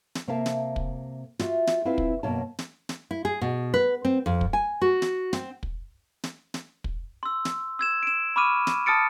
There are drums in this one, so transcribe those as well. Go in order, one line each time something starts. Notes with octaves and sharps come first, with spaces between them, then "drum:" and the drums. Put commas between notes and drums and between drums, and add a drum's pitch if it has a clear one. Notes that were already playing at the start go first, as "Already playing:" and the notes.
drum: snare
C3 A#3 A#4 E5 F5 A5
drum: snare
drum: kick
F4 F#4 E5, drum: snare
drum: snare
C4 E4 F4 B4 F5
drum: kick
F#2 B2 A#3 C#5 A5
drum: snare
drum: snare
E4
G#4
B2
B4
C4
F2
drum: kick
G#5
F#4
drum: snare
C4, drum: snare
drum: kick
drum: snare
drum: snare
drum: kick
C6 E6
drum: snare
E6 G#6 E7
D7 E7
B5 C#6 D6 F6 D#7
drum: snare
A5 D#6 F6 A6 C#7 D7